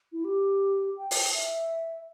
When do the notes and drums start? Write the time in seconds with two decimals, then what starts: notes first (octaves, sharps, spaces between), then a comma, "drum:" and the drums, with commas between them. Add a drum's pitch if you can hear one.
0.13 E4
0.24 G4
0.97 G5
1.11 drum: open hi-hat
1.34 E5